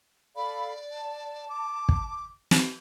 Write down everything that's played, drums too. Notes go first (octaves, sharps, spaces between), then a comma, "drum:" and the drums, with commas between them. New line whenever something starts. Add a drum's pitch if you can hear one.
A4 D5 F5 B5
A5
D6
drum: kick
drum: snare